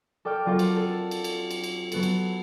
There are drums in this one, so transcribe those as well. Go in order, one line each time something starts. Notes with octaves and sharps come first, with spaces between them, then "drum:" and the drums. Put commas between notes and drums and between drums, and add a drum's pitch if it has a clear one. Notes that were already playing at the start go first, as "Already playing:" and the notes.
A4 D5 G5 D6 F6
F#3 C4 F4 A4 A#4 D5
drum: cymbal
A4
drum: cymbal
drum: cymbal
drum: cymbal
drum: cymbal
F#3 B3 A4, drum: cymbal
drum: cymbal